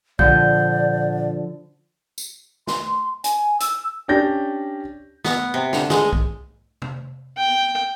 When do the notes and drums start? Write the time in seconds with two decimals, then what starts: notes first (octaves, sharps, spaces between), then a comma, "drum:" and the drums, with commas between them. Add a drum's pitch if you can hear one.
0.19 A#2 D3 F3 D5 F#5 G6, drum: kick B1
2.18 drum: tambourine
2.67 C6, drum: snare
3.24 G#5, drum: hi-hat
3.60 E6, drum: hi-hat
4.08 C#4 D4 G4 G6 A#6
5.24 B3, drum: snare
5.54 C3
5.73 D3, drum: snare
5.90 G#3, drum: snare
6.13 drum: kick B1
6.82 drum: tom C3
7.37 G5